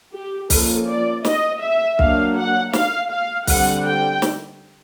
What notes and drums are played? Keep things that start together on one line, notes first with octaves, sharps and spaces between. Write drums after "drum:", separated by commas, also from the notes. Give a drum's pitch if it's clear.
G4
F3 A#3 C#4 A4, drum: kick, open hi-hat
D5
D#5, drum: snare
E5
F#3 A#3 D4 F5, drum: kick
F#5
F5, drum: snare
F5
D3 G3 C4 F#5, drum: kick, open hi-hat
G5
drum: snare